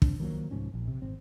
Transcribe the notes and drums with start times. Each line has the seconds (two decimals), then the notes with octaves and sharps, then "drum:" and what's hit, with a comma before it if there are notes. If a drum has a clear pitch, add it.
0.02 C3 D4, drum: kick
0.20 D#3 F3 F#3 A#3
0.51 C2 G#2 F3 C#4
0.74 A#1
0.88 C3
1.02 G#1 C4